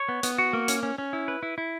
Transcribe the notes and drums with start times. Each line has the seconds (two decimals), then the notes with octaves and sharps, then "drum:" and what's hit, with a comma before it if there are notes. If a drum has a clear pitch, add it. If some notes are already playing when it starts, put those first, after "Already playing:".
Already playing: C#5
0.09 B3
0.23 B3, drum: hi-hat
0.38 F#4
0.53 A#3
0.68 C#4, drum: hi-hat
0.83 C#4
0.98 C#4
1.13 E4
1.28 B4
1.43 E4
1.58 E4